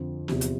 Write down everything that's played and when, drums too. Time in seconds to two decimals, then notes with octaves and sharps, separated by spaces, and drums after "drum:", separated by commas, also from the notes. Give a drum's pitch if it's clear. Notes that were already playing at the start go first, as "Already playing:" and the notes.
Already playing: F2 D3 F3
0.28 E2 C3 F3, drum: snare
0.41 drum: hi-hat